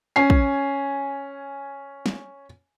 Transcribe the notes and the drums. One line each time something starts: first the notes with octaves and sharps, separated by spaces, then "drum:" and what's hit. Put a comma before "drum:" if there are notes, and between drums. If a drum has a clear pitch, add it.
C#4 G#5 C7
drum: kick
drum: snare